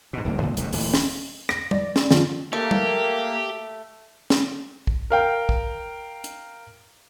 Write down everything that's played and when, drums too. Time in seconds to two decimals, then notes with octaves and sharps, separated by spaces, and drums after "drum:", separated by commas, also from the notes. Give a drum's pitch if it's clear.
0.13 G#2 B2
0.24 D1 C2 G#2 A#3
0.40 C#2 A#2 G#3
0.57 D1 C2 G2 B2, drum: hi-hat
0.73 D1 A#2 E3, drum: open hi-hat
0.94 drum: snare
1.49 A#6, drum: rim click
1.71 D5, drum: tom G3
1.96 drum: snare
2.11 F3, drum: snare
2.53 A3 A#3 G4
2.71 drum: tom G3
4.30 drum: snare
4.87 drum: kick
5.10 A#4 F5 G5
5.49 drum: kick
6.24 drum: hi-hat